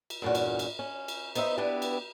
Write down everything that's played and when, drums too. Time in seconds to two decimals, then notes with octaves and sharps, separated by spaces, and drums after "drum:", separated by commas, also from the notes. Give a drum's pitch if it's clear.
0.10 drum: cymbal
0.22 E2 G2 A#2 C#4 F#4
0.35 drum: cymbal
0.59 drum: cymbal
0.79 C#4
1.08 drum: cymbal
1.35 B3 D#4 C5 D#5 E5, drum: cymbal
1.57 B3 D4 E4 G4 B4
1.82 drum: cymbal